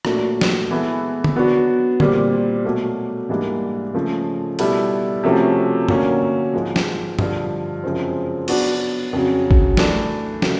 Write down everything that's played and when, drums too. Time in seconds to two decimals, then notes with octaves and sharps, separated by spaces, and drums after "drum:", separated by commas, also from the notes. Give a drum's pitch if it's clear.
0.05 A#2 F#3 A3 D4 F#4, drum: rim click
0.41 drum: snare
0.70 E3 G#3 B3 E4 A4
1.24 drum: tom D3
1.35 F#3 B3 D4 F#4
2.00 A#2 G3 C4, drum: tom D3
2.65 B2 F#3 A3
3.29 G#2 E3 G3 A#3 D4
3.95 C#3 F3 A3
4.59 B2 G3 B3 E4 A4, drum: cymbal
5.23 C3 F3 A3 C#4 F#4
5.89 D3 F#3 A#3 C#4, drum: tom
6.53 G#2 F3 G#3
6.76 drum: snare
7.19 G2 D3 F3, drum: tom
7.83 F#2 C#3 F3 G#3 C4
8.48 F#3 B3 D4 F#4, drum: cymbal
9.13 F2 C#3 F#3
9.51 drum: kick
9.77 E3 A3 D4, drum: snare
10.42 C#3 F#3 A3, drum: snare